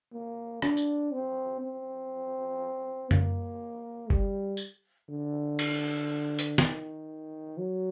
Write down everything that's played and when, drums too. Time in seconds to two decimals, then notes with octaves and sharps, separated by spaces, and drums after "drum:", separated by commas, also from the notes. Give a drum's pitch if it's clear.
0.13 A#3
0.62 D4, drum: rim click
0.77 drum: tambourine
1.11 C4
1.61 C4
3.11 A#3, drum: tom F#2
4.10 G3, drum: kick F#1
4.57 drum: tambourine
5.09 D3
5.59 drum: cymbal
6.39 drum: hi-hat
6.58 D#3, drum: snare
7.58 F#3